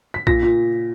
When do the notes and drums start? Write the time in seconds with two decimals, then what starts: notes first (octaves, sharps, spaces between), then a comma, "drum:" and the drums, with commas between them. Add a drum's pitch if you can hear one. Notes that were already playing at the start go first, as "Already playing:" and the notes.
0.14 B6
0.27 A#2 A#6, drum: kick B1
0.43 A#2